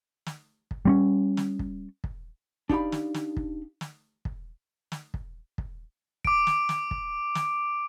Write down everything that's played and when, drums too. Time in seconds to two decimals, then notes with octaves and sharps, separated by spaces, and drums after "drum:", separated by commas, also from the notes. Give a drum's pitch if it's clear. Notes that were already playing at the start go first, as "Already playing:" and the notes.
0.26 drum: snare
0.71 drum: kick
0.85 G3 C4 C#4
1.37 drum: snare
1.59 drum: kick
2.04 drum: kick
2.69 D4 D#4 G4 F5 B5, drum: kick
2.92 drum: snare
3.14 drum: snare
3.37 drum: kick
3.81 drum: snare
4.25 drum: kick
4.92 drum: snare
5.14 drum: kick
5.58 drum: kick
6.25 D6 D7, drum: kick
6.47 drum: snare
6.69 drum: snare
6.91 drum: kick
7.35 drum: snare